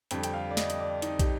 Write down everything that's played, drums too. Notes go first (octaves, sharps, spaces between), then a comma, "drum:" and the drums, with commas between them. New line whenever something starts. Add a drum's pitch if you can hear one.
F2 D3 G3 G5, drum: hi-hat
G5, drum: hi-hat
F5
D5
D#5, drum: snare
D#5, drum: hi-hat
D5
D#4, drum: hi-hat
G4, drum: kick, hi-hat